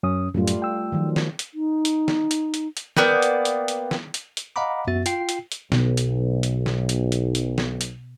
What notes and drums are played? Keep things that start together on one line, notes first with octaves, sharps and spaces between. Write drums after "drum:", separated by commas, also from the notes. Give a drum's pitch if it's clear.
F#2 C#4 D#6
F#2 A2 G3 A3 F4
drum: hi-hat
G5 E6
D#3 F3 F#3
drum: snare
drum: hi-hat
D#4
drum: hi-hat
drum: snare
drum: hi-hat
drum: hi-hat
drum: hi-hat
A#3 B3 D5 G5, drum: snare
drum: hi-hat
drum: hi-hat
drum: hi-hat
drum: snare
drum: hi-hat
drum: hi-hat
D#5 F5 F#5 A#5 B5 D6
F#2 B3 F#4 E5 A6
F4 G5 C7, drum: hi-hat
drum: hi-hat
drum: hi-hat
B1 B2, drum: snare
drum: hi-hat
drum: hi-hat
drum: snare
drum: hi-hat
drum: hi-hat
drum: hi-hat
drum: snare
drum: hi-hat